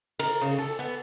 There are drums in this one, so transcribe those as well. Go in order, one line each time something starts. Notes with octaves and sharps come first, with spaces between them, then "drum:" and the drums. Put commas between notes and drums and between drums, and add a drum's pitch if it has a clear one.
A#4, drum: cymbal
C#3
A4
B3